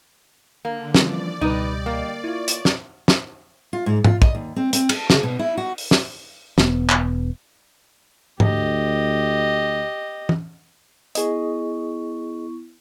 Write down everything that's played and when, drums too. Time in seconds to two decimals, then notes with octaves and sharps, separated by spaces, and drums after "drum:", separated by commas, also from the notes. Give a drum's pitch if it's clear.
0.65 D3 A#3
0.95 E3 F3 G3 C4 C#4 D5, drum: snare
1.41 C#2 B2 G3 D#4 B4 D#5 G5
1.86 A#3
2.24 E4 F4 C#5
2.48 drum: hi-hat
2.65 drum: snare
3.08 drum: snare
3.73 F4
3.86 G#2
4.05 F4, drum: tom G#2
4.22 D#5, drum: kick
4.35 D#2
4.56 C4
4.73 C4, drum: hi-hat
4.89 A4, drum: cymbal
5.10 C#3, drum: snare
5.23 B2
5.39 E4
5.57 F#4
5.78 drum: open hi-hat
5.91 drum: snare
6.58 E1 B3, drum: snare
6.89 drum: clap
8.40 D2 G4 D#5, drum: tom G#2
10.29 drum: tom
11.15 B3 E4 G#4 D#5 C#6, drum: hi-hat